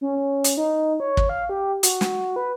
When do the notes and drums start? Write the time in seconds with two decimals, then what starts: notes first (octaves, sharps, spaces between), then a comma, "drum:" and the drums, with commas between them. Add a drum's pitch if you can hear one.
0.01 C#4
0.16 C#4
0.44 drum: hi-hat
0.57 D#4
1.00 C#5
1.17 drum: kick
1.29 F5
1.49 G4
1.83 F#4, drum: hi-hat
2.01 drum: snare
2.36 B4